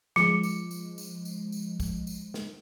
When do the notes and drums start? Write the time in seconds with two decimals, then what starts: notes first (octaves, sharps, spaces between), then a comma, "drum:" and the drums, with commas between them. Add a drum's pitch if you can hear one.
0.16 F3 G#3 D6 C#7, drum: snare
0.43 drum: tambourine
0.71 drum: tambourine
0.98 drum: tambourine
1.25 drum: tambourine
1.52 drum: tambourine
1.80 drum: kick, tambourine
2.07 drum: tambourine
2.34 drum: snare